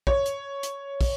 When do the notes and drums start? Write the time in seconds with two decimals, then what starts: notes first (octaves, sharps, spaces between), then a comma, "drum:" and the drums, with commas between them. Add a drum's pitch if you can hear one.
0.07 C#5, drum: kick
0.26 drum: hi-hat
0.63 drum: hi-hat
1.01 drum: kick, open hi-hat